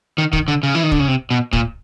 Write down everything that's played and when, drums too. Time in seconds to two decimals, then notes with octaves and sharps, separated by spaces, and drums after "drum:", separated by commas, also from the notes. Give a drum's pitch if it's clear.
0.18 D#3
0.33 D#3, drum: kick
0.48 D3
0.63 C#3
0.75 E3
0.83 D#3
0.92 D3, drum: kick
1.00 C#3
1.08 C3
1.31 B2
1.53 A#2, drum: kick